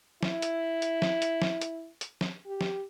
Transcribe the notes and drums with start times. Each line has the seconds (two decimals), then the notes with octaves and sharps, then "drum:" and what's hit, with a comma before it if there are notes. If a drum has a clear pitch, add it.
0.23 E4, drum: snare
0.42 drum: hi-hat
0.82 drum: hi-hat
1.02 drum: snare
1.22 drum: hi-hat
1.42 drum: snare
1.61 drum: hi-hat
2.01 drum: hi-hat
2.21 drum: snare
2.46 G4
2.61 drum: snare